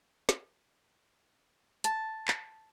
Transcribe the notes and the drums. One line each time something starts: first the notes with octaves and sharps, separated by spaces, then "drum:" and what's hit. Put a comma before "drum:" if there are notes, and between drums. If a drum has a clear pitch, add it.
drum: snare
A5, drum: hi-hat
drum: clap